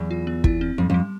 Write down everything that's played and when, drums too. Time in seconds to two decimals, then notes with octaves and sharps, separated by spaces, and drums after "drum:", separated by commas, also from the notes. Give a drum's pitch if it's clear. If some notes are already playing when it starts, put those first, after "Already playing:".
Already playing: E2 F#3
0.11 F4
0.27 B3
0.44 E4, drum: kick
0.61 C4
0.78 F2 G3
0.90 F2 G3